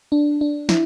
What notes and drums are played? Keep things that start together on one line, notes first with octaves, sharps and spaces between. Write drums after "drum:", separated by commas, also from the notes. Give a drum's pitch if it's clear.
D4
D4
E4, drum: snare